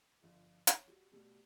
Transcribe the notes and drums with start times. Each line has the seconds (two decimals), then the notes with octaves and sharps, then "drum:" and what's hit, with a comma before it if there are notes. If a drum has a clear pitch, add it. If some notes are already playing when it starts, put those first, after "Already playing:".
0.22 G1 F3
0.67 C#5, drum: hi-hat
0.87 G3 F#4
1.12 B2 G3 A3